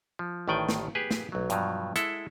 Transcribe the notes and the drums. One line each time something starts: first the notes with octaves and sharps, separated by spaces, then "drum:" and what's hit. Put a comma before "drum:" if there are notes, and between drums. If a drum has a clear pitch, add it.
F3
A1 A2 D#3 D5 G5 G#5
drum: snare
G4 G#4 B4 G#5
drum: snare
B1 F#3
G2 B2 F3 F#3, drum: hi-hat
G#3 E4 A4 E5 F#5, drum: hi-hat